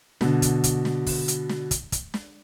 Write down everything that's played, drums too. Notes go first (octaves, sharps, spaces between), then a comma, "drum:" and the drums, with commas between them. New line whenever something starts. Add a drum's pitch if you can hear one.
B2 D3, drum: snare
drum: kick, hi-hat
drum: kick, hi-hat
drum: snare
drum: kick, open hi-hat
drum: hi-hat
drum: snare
drum: kick, hi-hat
drum: kick, hi-hat
drum: snare